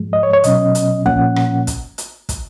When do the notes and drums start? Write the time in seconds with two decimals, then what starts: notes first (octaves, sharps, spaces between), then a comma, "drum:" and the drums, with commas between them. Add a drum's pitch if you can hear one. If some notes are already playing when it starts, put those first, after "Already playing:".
Already playing: G#2 F3 G#3
0.13 D#5
0.23 C#5
0.34 C#5
0.44 B2 F#3 C#4 D#5, drum: hi-hat
0.75 drum: hi-hat
1.06 A#2 F3 A#3 C#4 F#5, drum: kick
1.36 drum: rim click
1.67 drum: kick, hi-hat
1.98 drum: hi-hat
2.29 drum: kick, hi-hat